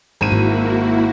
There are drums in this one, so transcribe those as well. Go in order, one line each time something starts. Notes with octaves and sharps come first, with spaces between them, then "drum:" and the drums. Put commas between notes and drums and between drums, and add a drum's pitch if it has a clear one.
G#1 A#3 E4 F#4 D#7
drum: tom G#2